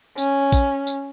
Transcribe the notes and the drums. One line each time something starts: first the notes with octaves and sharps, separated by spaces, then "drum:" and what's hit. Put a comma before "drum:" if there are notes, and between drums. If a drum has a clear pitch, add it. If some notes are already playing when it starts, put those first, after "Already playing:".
C#4, drum: tambourine
drum: kick A#1, tambourine
drum: tambourine